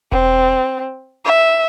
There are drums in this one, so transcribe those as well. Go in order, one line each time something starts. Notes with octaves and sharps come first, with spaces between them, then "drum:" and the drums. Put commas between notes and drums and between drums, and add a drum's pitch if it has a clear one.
C4, drum: kick E1
E5